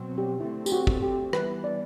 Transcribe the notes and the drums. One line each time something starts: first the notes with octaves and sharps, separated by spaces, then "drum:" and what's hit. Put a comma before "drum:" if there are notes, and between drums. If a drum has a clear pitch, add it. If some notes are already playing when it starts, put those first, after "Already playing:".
Already playing: B2 F#3 C4
G4
D3 A3 C4 E4
G4, drum: tambourine
F#4
drum: kick
G4
E3 G3 B3 B4, drum: rim click
D5